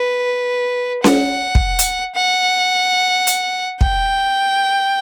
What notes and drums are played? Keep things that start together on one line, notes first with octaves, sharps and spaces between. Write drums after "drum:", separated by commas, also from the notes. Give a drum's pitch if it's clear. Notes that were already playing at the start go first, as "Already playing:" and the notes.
Already playing: B4
F#5, drum: snare C#4
drum: kick
drum: hi-hat
F#5
drum: hi-hat
G5, drum: kick